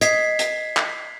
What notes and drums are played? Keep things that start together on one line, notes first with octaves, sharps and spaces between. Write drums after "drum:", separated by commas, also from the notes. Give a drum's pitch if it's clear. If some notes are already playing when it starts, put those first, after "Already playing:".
D#5 G#6 B6 C7, drum: hi-hat
drum: hi-hat
drum: clap